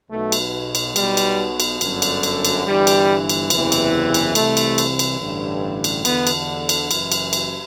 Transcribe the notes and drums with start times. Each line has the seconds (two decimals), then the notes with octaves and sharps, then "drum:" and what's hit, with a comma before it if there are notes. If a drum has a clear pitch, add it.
0.11 B1 B2 A3
0.32 drum: cymbal
0.75 drum: cymbal
0.96 B1 B2 G3, drum: cymbal
1.17 drum: cymbal
1.60 drum: cymbal
1.81 G1 F#2 D3, drum: cymbal
2.02 drum: cymbal
2.23 drum: cymbal
2.45 drum: cymbal
2.65 G1 G2 E3 G3
2.87 drum: cymbal
3.29 drum: cymbal
3.50 F#1 E2 C3 E3, drum: cymbal
3.72 drum: cymbal
4.14 drum: cymbal
4.35 C2 C3 E3 A3, drum: cymbal
4.57 drum: cymbal
4.78 drum: cymbal
4.99 drum: cymbal
5.20 A1 G2 D3
5.84 drum: cymbal
6.05 E2 D3 B3, drum: cymbal
6.27 drum: cymbal
6.69 drum: cymbal
6.91 F#1 F#2 E3, drum: cymbal
7.12 drum: cymbal
7.33 drum: cymbal